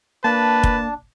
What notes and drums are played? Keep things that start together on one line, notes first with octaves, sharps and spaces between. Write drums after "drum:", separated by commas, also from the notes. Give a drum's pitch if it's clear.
A#3 D4 B4 A5
drum: kick